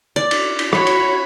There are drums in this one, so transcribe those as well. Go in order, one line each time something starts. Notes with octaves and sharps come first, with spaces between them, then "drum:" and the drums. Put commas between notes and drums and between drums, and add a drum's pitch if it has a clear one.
D5
drum: cymbal
drum: cymbal
F#4 C#5 B5, drum: rim click
drum: cymbal